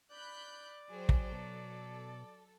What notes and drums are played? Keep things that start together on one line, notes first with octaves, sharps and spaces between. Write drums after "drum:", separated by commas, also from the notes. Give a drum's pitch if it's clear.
D5 B5 F#6 G6
F#3 G#4 C5 G5
drum: kick
B2 A4